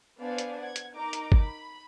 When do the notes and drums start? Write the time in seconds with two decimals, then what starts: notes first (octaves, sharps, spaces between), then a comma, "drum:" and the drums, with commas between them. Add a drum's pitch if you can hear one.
0.20 B3 D4 C5 D5 F5 G#5
0.38 drum: hi-hat
0.61 F#5 G#6
0.76 drum: hi-hat
0.94 D#4 A#4 A#5 D6
1.13 drum: hi-hat
1.32 drum: kick G1
1.45 B5